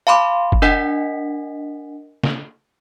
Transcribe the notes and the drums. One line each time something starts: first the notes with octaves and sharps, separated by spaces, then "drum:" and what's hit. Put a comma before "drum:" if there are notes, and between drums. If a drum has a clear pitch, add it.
F5 A5 B5 C6 D6
drum: kick
D4 A#4 D#5 F#5 G#5 B6
drum: snare